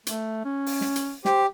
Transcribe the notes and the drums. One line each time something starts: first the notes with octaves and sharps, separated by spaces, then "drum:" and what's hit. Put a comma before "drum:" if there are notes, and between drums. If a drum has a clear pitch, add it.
A3, drum: hi-hat
C#4
drum: open hi-hat
drum: snare
drum: hi-hat
G4 C5, drum: snare